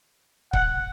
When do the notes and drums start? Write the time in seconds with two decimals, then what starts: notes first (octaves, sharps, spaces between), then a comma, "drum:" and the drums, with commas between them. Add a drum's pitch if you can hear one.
0.53 F#5, drum: kick C#1